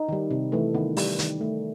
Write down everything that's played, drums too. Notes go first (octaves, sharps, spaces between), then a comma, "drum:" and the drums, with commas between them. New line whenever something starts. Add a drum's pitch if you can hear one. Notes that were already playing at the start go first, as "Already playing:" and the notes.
Already playing: D#4
D#3 G3
C3
E3 A3
D#3 B3
G3, drum: open hi-hat
D#3, drum: hi-hat
A3